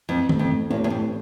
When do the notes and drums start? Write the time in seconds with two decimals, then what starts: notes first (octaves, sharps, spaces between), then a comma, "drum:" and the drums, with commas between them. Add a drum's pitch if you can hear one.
0.09 F2 E3
0.29 A2, drum: tom D#3
0.39 F2
0.50 A2
0.70 A1 E2
0.84 E2
0.90 F2 A2